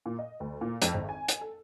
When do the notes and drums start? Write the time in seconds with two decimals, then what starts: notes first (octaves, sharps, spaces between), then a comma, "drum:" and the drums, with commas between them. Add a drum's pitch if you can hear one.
0.06 A#2
0.19 D#5
0.40 D2
0.61 A#2
0.82 F2, drum: hi-hat
0.94 G#1
1.09 G#5
1.28 drum: hi-hat
1.41 A4